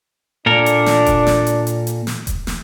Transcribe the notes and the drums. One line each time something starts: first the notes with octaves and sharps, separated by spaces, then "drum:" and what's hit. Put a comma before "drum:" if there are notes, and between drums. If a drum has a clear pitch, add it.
A#2 D4 A4 A#4
drum: hi-hat
drum: snare
drum: kick E1, hi-hat
drum: snare
drum: hi-hat
drum: hi-hat
drum: hi-hat
drum: snare
drum: kick E1, hi-hat
drum: snare